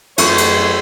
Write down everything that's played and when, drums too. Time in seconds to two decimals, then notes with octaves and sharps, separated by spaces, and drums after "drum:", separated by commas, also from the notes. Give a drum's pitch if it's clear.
0.18 F#2 A3 C5 C#5 E5 C#6, drum: cymbal
0.38 drum: cymbal